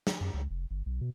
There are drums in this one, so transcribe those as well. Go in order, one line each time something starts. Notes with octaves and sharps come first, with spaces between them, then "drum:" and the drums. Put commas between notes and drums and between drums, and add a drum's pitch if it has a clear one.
drum: snare
F#2
C#2
F1
G1
B1
B2